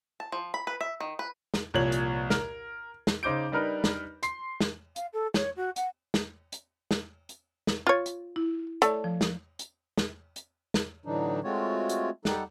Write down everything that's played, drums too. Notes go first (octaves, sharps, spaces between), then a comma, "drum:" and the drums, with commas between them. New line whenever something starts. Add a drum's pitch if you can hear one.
A5
F3
B5
B4
E5
D#3
B4
drum: snare
C2 A#2 F3 C#5 G#6 F#7
drum: hi-hat
A#4, drum: snare
drum: snare
C#3 D#4 C5 D6 G6 D7
G3 D4 D#4 A#4 B4
drum: snare
C6 C7, drum: hi-hat
drum: snare
F5, drum: hi-hat
A4
C#5, drum: snare
F#4
F#5, drum: hi-hat
drum: snare
drum: hi-hat
drum: snare
drum: hi-hat
drum: snare
F4 C#5 A6
drum: hi-hat
E4
A3 C#5 D5 A5, drum: hi-hat
F3
drum: snare
drum: hi-hat
drum: snare
drum: hi-hat
drum: snare
A2 D3 E3 F#3 D4 D#4
G#3 A3 C4 F4 F#4 C#5
drum: hi-hat
G3 D#4 G4 A4 F#5, drum: snare